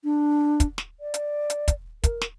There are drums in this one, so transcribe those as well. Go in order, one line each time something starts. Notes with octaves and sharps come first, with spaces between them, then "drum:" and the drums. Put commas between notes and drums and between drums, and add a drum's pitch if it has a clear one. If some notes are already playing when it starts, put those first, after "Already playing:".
D4
drum: kick, hi-hat
drum: snare
D5
drum: hi-hat
drum: hi-hat
drum: kick, hi-hat
A#4, drum: kick, hi-hat
drum: snare